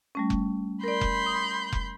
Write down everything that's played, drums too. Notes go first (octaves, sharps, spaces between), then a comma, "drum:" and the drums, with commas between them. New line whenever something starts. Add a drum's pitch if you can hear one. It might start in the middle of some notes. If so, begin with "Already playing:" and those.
G3 A3 C#4
drum: kick F1
A#4 D5 B5 C6 G6
drum: kick F1
D#6
drum: kick F1